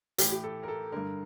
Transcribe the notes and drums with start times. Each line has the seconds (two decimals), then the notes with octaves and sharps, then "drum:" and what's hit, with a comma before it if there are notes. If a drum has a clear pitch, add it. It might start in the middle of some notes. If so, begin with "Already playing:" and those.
0.18 A2 E3 G4, drum: hi-hat
0.32 G4
0.44 A4
0.63 A#4
0.68 A4
0.92 G2 D3 A#4